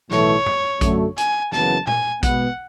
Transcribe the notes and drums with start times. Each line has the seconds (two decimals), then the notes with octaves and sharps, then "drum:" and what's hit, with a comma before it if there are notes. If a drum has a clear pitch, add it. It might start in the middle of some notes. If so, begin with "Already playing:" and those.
0.11 B1 A2 E3 A3 C#5, drum: snare
0.46 drum: tom
0.81 F#2 D3 F#3 A3, drum: kick A#1, hi-hat
1.18 G#5, drum: hi-hat
1.52 F#1 F#2 C#3 E3 B3 A5, drum: snare
1.87 G#5, drum: tom A#2
2.23 B2 G#3 B3 F#5, drum: kick A#1, hi-hat